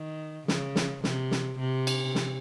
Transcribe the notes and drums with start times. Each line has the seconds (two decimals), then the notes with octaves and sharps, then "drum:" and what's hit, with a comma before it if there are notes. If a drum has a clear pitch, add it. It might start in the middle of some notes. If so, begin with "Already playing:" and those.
Already playing: D#3
0.48 C#3, drum: snare
0.76 drum: snare
1.04 C3, drum: snare
1.31 drum: snare
1.59 C3
1.87 drum: cymbal
2.15 drum: snare